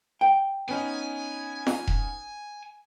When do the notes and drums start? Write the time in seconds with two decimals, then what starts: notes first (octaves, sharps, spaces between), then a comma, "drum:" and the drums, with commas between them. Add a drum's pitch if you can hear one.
0.21 G5
0.69 B3 C#4 D#4 G#5
1.67 drum: snare
1.87 drum: kick E1